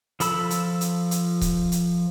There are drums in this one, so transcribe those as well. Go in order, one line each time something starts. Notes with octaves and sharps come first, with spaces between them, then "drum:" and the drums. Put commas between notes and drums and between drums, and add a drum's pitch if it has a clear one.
F3 A4 B5 E6, drum: hi-hat
drum: hi-hat
drum: hi-hat
drum: hi-hat
drum: kick C#1, hi-hat
drum: hi-hat